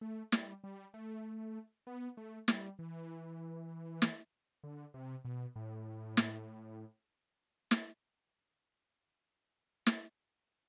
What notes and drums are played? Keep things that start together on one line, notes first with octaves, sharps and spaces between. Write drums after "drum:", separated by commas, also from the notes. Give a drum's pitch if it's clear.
A3
G3, drum: snare
G3
A3
B3
A3
G3, drum: snare
E3
drum: snare
D3
C3
B2
A2
drum: snare
drum: snare
drum: snare